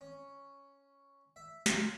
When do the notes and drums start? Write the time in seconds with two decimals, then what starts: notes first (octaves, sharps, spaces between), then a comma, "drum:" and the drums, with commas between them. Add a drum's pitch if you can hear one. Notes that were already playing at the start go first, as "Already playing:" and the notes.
0.01 C#4
1.36 E5
1.66 F4, drum: snare